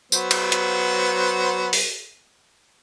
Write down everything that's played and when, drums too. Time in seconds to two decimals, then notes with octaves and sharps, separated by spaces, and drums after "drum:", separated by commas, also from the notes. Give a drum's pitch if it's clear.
0.12 F#3 B3 C5, drum: tambourine
0.31 drum: cymbal
0.52 drum: hi-hat
1.73 drum: open hi-hat